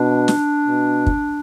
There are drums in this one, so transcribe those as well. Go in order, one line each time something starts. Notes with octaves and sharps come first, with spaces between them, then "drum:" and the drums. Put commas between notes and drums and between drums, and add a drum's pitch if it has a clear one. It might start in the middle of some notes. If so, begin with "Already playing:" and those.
Already playing: B2 D4
drum: snare
B2
drum: kick